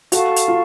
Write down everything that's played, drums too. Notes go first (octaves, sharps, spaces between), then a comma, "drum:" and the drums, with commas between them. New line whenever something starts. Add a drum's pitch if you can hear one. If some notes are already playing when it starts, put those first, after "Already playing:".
F#4 A4 F5 A5 C#6, drum: hi-hat
drum: hi-hat
F4